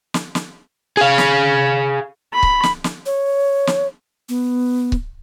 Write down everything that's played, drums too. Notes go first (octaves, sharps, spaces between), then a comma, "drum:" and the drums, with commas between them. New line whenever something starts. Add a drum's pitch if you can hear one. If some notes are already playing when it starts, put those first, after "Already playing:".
drum: snare
drum: snare
G#4 F5
drum: snare
B5
drum: kick C#1
drum: snare
drum: snare
C#5
drum: snare
B3
drum: kick C#1